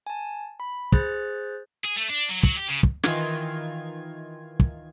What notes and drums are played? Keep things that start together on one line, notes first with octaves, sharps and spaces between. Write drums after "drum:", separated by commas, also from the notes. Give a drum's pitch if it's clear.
G#5 A5
B5
G#4 C5 F#6 A6, drum: kick
G#4
A3
D4
F#3
F#3, drum: kick
G4
C#3
drum: kick
D#3 E3 F4 G#6, drum: snare
drum: kick